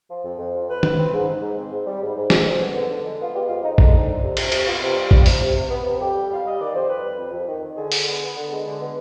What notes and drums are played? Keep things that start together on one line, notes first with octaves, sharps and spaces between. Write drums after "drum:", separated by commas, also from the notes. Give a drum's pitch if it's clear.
F3
F2
F2
F3
C4 B4
C4, drum: tom D#3
C4
G#2
G#2
G#2
C4
G#2
G3
G#2
G#2
G#2, drum: snare
F2
B3
D3
D3
G#3
B3 F4
G#3 G4
F2 F4
G#3 D#4
D3 D#4, drum: kick
F2
D3
C3
C3, drum: cymbal
C3, drum: cymbal
B3 F4
C3
G3
G3, drum: kick
C3, drum: open hi-hat
C3
C3
B3
C3
F2 G4
G3
G3 F5
G3 D#5
D#3 D5
F2 C5
G3 B4
G3
F2
F2
D#3
D#3
D3 G#4
D3, drum: open hi-hat
B3
B3
D3
G#3
D3
B3